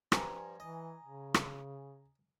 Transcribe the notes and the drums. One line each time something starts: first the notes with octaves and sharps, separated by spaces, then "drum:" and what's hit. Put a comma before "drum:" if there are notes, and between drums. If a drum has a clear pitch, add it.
G2 F3 G3 G#5 A#5, drum: rim click
E3 D#5
C#3
drum: rim click